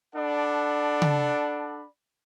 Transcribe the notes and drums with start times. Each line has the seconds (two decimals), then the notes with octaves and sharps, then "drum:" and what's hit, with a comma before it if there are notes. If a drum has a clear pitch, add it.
0.15 D4 A4 D5 F#5 A5 B5
1.02 drum: tom C#3